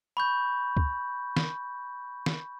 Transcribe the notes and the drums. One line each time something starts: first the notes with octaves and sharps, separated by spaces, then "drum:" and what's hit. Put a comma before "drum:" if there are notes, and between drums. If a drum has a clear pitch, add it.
B5 C#6 G6
drum: kick
drum: snare
drum: snare